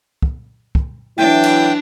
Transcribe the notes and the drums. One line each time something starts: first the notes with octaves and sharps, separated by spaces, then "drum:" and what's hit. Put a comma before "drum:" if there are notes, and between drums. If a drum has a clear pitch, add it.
drum: kick
drum: kick
E3 F#3 D4 E4 G5
drum: cymbal